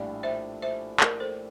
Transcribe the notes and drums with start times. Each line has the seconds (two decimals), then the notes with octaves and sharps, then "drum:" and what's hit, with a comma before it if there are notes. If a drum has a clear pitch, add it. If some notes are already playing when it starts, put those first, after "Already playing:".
Already playing: A#1 A2 G3 D4 D5 F5
0.23 C5 E5
0.62 C5 E5
1.00 A#4 D5, drum: clap
1.20 A4 C5